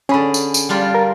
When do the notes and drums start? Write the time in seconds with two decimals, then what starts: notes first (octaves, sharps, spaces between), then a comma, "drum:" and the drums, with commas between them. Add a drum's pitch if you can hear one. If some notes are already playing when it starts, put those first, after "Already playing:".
0.09 D3 C#4 G#4 B5
0.34 drum: tambourine
0.54 drum: tambourine
0.69 G3 D4 F4
0.95 A#4